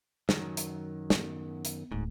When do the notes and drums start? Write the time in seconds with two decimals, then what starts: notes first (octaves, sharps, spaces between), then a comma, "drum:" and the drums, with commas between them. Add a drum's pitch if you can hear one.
0.29 F#2 D#3 F#3, drum: snare
0.57 drum: hi-hat
1.10 B3, drum: snare
1.65 drum: hi-hat
1.92 D1 G#2